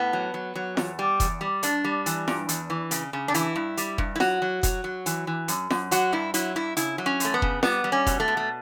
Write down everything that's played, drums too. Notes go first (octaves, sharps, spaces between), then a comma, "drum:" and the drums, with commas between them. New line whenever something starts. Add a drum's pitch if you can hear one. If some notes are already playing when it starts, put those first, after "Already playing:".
Already playing: A2 B3
F#3
F#3
F#3
E2, drum: snare
G3
E2, drum: kick F1, hi-hat
G3
G2 D4, drum: hi-hat
G3
E3, drum: hi-hat
G2, drum: snare
E2, drum: hi-hat
E3
C#3, drum: hi-hat
C#3
D4
E3 E4, drum: hi-hat
G2
G3, drum: hi-hat
G2, drum: kick F1
E4
F#3 F#4, drum: snare
F#3
F#3, drum: kick F1, hi-hat
F#3
E3, drum: hi-hat
E3
F#2, drum: hi-hat
F#2, drum: snare
F#3 F#4, drum: hi-hat
G2 E4
F#3 E4, drum: hi-hat
G2 E4
C#3 E4, drum: hi-hat
F#3
C#4
F#2 A3, drum: hi-hat
B3
C#3, drum: kick F1
G3 B3, drum: snare
G3
C#4
B2, drum: kick F1, hi-hat
A3
B2
A3